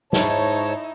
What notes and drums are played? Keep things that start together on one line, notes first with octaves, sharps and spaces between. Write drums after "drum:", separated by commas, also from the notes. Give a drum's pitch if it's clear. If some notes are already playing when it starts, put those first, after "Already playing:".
G#2 D#4 E4 C#5 A5, drum: snare